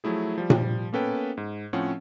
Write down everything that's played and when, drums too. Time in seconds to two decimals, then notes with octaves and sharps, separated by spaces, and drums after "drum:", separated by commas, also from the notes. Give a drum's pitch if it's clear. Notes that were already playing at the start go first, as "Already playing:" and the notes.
0.04 F3 F#3 A3 E4 G#4
0.38 F3 G3
0.50 drum: tom A#2
0.93 A#3 B3 C#4 A4 B4 G5
1.37 G#2
1.73 A2 F3 C4 C#4 F#5